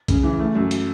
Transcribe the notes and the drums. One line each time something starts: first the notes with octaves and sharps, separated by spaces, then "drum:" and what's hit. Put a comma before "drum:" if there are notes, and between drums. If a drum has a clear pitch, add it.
C#3, drum: kick, hi-hat
E3
A3
F#2
drum: hi-hat